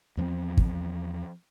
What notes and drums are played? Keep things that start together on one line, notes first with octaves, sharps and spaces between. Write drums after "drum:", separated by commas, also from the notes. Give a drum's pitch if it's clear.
E2 F3 B3 C4
drum: kick